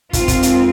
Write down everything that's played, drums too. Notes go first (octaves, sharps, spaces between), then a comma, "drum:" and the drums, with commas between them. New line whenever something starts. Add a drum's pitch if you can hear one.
F2 D#3 G#3 C4 F4, drum: kick, hi-hat
drum: kick, hi-hat
drum: hi-hat